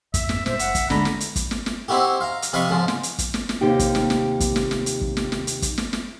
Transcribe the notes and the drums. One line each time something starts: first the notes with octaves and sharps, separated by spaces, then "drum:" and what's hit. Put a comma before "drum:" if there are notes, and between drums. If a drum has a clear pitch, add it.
F2 G#2 E5, drum: kick, hi-hat
drum: snare
A#2 G#3 C5 E5, drum: snare
F#1 F#5, drum: hi-hat
drum: kick, hi-hat
D2 D3 F#3 G#3 D4 A#5 B5, drum: snare
drum: snare
drum: hi-hat
drum: kick, hi-hat
drum: snare
drum: snare
C4 D#4 E4 F#4 G4
F5 A#5
drum: hi-hat
C3 F3 D#5 F5 B5 C#6
G#2 C#3 F3
drum: snare
drum: hi-hat
drum: kick, hi-hat
drum: snare
drum: snare
D#2 C3 A#3 D#4 F4 G4
drum: kick, hi-hat
drum: snare
drum: snare
drum: kick, hi-hat
drum: snare
drum: snare
drum: hi-hat
drum: kick
drum: snare
drum: snare
drum: hi-hat
drum: kick, hi-hat
drum: snare
drum: snare